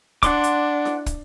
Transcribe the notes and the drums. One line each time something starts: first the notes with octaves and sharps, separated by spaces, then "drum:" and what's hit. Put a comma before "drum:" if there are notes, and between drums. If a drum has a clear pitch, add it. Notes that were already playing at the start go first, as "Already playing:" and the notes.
D4 F#5 C6 D6, drum: kick, hi-hat
drum: hi-hat
drum: snare E4
drum: kick, hi-hat